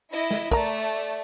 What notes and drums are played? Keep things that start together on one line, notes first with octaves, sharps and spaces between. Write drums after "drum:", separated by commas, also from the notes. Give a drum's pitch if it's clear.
E4 D#5
drum: snare
A3 A#4 D5 A#5, drum: kick